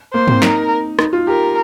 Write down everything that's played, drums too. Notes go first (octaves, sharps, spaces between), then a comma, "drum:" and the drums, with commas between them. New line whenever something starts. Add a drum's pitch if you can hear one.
A#3 C5
C4, drum: tom G#2
D#4 A#4, drum: snare
D#4, drum: rim click
F4
G4 A#4